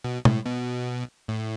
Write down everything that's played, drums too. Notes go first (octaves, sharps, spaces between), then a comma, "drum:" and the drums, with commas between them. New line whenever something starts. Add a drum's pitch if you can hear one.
B2
A2, drum: tom
B2
A2